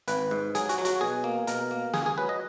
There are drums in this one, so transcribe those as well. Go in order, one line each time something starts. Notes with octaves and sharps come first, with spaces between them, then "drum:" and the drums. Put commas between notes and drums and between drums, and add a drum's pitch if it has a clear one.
G#1 B4, drum: hi-hat
G#2
F#3 G#4, drum: hi-hat
F#4, drum: hi-hat
F#3
F#4, drum: hi-hat
B2 G#4
A#3
B2 A#4, drum: hi-hat
A#3
C#2 G#4, drum: snare
G#4
F#3 B4
D#5